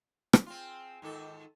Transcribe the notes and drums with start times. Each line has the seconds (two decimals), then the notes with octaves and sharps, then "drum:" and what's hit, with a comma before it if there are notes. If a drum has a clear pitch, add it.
0.33 drum: rim click
0.46 C4 F4 G#4 G5
1.02 G#2 D#3 A4 D#5 G5 D6